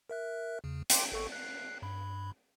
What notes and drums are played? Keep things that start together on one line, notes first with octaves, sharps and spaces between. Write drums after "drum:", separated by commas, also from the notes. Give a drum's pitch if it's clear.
A#4 E5 F#6
E2 C#3
G5 C6 D6, drum: hi-hat
G#1 A4 C#6
F#6 C7
G2 B5